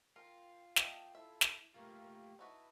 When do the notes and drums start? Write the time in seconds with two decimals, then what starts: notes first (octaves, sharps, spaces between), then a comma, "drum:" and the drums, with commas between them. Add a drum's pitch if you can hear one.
0.16 F4 A#4 G5
0.76 A#3 D#5 E5 G5 A5, drum: snare
1.15 E4 A4 E5
1.41 drum: snare
1.74 A3 A#3 F4 G4 A#4
2.39 D#4 E4 F#4 B4 A5